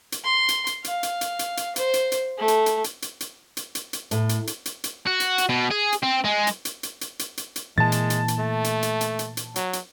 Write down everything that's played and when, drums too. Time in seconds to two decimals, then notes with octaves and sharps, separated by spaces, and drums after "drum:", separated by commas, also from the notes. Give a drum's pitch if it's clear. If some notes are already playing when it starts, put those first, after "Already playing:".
0.12 drum: hi-hat
0.24 C6
0.48 drum: hi-hat
0.67 drum: hi-hat
0.84 F5, drum: hi-hat
1.03 drum: hi-hat
1.21 drum: hi-hat
1.39 drum: hi-hat
1.57 drum: hi-hat
1.76 C5, drum: hi-hat
1.94 drum: hi-hat
2.12 drum: hi-hat
2.39 A3
2.48 drum: hi-hat
2.66 drum: hi-hat
2.84 drum: hi-hat
3.02 drum: hi-hat
3.20 drum: hi-hat
3.57 drum: hi-hat
3.75 drum: hi-hat
3.93 drum: hi-hat
4.11 A2, drum: hi-hat
4.29 drum: hi-hat
4.47 drum: hi-hat
4.66 drum: hi-hat
4.84 drum: hi-hat
5.07 F#4
5.20 drum: hi-hat
5.38 drum: hi-hat
5.49 B2
5.71 G#4
5.92 drum: hi-hat
6.03 C4
6.24 G#3
6.47 drum: hi-hat
6.65 drum: hi-hat
6.83 drum: hi-hat
7.01 drum: hi-hat
7.19 drum: hi-hat
7.37 drum: hi-hat
7.56 drum: hi-hat
7.78 A#2 E3 G#3 A5 A6
7.92 drum: hi-hat
8.10 drum: hi-hat
8.28 drum: hi-hat
8.39 A3
8.64 drum: hi-hat
8.83 drum: hi-hat
9.01 drum: hi-hat
9.19 drum: hi-hat
9.37 drum: hi-hat
9.56 F#3, drum: hi-hat
9.73 drum: hi-hat